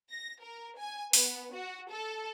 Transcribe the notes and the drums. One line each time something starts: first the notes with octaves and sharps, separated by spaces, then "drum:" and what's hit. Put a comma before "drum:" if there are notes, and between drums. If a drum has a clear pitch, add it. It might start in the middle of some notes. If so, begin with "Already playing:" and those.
A#6
A#4
G#5
B3, drum: open hi-hat
F#4
A4